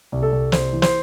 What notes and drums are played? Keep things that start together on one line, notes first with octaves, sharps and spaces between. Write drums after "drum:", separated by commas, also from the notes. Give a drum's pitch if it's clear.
C2
A4
C2
C2 C5, drum: snare
E3
C5, drum: snare